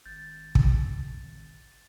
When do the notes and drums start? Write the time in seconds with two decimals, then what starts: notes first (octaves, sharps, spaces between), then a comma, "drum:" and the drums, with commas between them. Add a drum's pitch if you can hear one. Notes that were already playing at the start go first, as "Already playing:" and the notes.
0.06 G#1 G6 A6
0.55 drum: kick